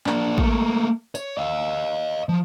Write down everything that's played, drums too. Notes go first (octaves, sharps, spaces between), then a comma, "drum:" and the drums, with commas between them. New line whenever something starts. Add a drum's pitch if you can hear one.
A#3 D4, drum: clap
A3 A#3, drum: kick A1
C#5, drum: tambourine
D#5 F5
F3